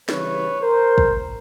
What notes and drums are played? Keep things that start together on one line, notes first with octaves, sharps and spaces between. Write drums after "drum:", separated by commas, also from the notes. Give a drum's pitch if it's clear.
C#3 E3 G3 B4 C#5, drum: snare
A#4 C5
drum: kick